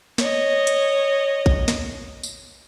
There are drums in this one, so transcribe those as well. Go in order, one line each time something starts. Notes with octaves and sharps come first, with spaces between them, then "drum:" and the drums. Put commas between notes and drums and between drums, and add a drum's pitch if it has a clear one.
C#5 D#5, drum: snare
drum: hi-hat
drum: kick
drum: snare
drum: tambourine